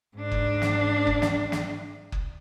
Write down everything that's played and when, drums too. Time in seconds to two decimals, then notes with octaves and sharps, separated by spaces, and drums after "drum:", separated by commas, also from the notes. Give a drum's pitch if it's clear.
0.16 G#2 D4
0.32 drum: kick F#1
0.62 drum: snare
1.07 drum: kick F#1
1.22 drum: snare
1.52 drum: snare
2.12 drum: kick F#1